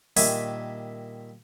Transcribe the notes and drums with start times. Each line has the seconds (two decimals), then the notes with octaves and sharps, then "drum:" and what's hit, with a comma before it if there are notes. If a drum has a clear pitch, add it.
0.17 A#2 D#3 G3 D4 E5 G#5, drum: open hi-hat